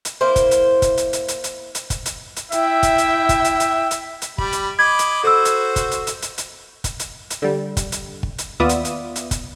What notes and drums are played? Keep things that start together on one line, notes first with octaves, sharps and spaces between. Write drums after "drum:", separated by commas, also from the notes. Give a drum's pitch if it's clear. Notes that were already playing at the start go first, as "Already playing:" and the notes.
drum: hi-hat
A#3 E4 C5
drum: kick, hi-hat
drum: hi-hat
drum: kick, hi-hat
drum: hi-hat
drum: hi-hat
drum: hi-hat
drum: hi-hat
drum: hi-hat
drum: kick, hi-hat
drum: hi-hat
drum: hi-hat
E4 E5 G5, drum: hi-hat
drum: kick, hi-hat
drum: hi-hat
drum: kick, hi-hat
drum: hi-hat
drum: hi-hat
drum: hi-hat
drum: hi-hat
G3 B5, drum: kick
drum: hi-hat
D#5 B5 D6 G#6
drum: hi-hat
F#4 A4 C5 E6
drum: hi-hat
drum: kick, hi-hat
drum: hi-hat
drum: hi-hat
drum: hi-hat
drum: hi-hat
drum: kick, hi-hat
drum: hi-hat
drum: hi-hat
D3 G3
drum: kick, hi-hat
drum: hi-hat
drum: kick
drum: hi-hat
D#2 B3 F4 D5 E5 D#6
drum: hi-hat
drum: hi-hat
drum: hi-hat
drum: kick, hi-hat